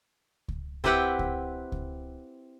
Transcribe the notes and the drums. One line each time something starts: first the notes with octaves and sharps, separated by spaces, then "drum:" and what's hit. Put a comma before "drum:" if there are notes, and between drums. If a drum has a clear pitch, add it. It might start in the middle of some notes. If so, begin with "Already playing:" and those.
drum: kick C#2
C4 E4 G4 B4 F#5 G5, drum: kick C#2
drum: kick C#2
drum: kick C#2